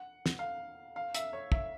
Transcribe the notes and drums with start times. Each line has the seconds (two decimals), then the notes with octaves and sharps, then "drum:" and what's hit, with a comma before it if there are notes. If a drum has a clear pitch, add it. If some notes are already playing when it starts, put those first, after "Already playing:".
Already playing: F#5
0.26 drum: snare
0.39 F5
0.96 F5
1.15 E5, drum: hi-hat
1.33 C#5
1.52 E5, drum: kick